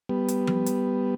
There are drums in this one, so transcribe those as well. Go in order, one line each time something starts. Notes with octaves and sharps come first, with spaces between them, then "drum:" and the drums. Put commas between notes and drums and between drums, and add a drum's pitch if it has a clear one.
G3 B3
drum: hi-hat
drum: tom F3
drum: hi-hat